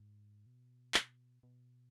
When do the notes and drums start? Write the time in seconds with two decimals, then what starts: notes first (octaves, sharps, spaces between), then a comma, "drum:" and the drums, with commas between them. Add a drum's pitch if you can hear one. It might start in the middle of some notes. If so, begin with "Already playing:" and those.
Already playing: G#2
0.46 B2
0.94 drum: clap
1.43 B2